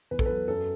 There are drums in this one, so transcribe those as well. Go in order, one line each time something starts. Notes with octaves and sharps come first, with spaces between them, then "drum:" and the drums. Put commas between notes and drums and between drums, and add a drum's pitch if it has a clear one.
E2 B4
A4, drum: kick
F#3 B4
F#2 A4